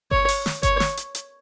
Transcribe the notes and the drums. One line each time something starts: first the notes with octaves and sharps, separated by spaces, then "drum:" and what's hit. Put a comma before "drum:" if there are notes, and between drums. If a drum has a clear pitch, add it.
C#5, drum: kick G1
drum: open hi-hat
drum: snare
C#5, drum: kick G1, hi-hat
drum: snare
drum: hi-hat
drum: hi-hat